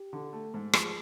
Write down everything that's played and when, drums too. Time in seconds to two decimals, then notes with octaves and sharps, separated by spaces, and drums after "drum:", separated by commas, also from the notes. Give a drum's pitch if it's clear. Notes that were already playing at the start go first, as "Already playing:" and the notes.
Already playing: G4
0.13 D3
0.33 A3
0.54 G#2
0.73 F3 G#4, drum: rim click